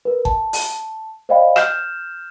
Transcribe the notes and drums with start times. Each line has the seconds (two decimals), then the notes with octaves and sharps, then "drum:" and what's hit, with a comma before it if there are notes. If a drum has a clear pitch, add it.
0.05 A#4 B4
0.25 A5, drum: kick G1
0.53 drum: open hi-hat
1.29 C5 D5 D#5 F5 G5 B5
1.56 F6 G6 E7, drum: rim click